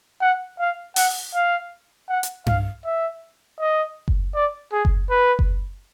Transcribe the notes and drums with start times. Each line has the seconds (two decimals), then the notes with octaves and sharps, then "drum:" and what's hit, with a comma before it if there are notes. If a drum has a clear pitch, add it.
0.21 F#5
0.60 F5
0.96 F#5, drum: open hi-hat
1.34 F5
2.09 F#5
2.23 drum: hi-hat
2.46 F5, drum: tom G2
2.85 E5
3.60 D#5
4.08 drum: kick F#1
4.35 D5
4.72 G#4
4.85 drum: kick F#1
5.10 B4
5.39 drum: kick F#1